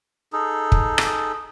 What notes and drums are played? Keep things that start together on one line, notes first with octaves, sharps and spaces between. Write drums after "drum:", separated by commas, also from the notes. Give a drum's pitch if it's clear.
D#4 G#4 A4
drum: kick
drum: rim click